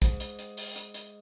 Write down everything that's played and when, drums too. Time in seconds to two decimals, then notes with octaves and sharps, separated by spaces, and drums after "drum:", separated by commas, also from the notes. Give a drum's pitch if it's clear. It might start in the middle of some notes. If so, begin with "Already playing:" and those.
0.02 G#2, drum: kick, hi-hat
0.20 drum: hi-hat
0.39 drum: hi-hat
0.57 drum: open hi-hat
0.76 drum: hi-hat
0.94 drum: hi-hat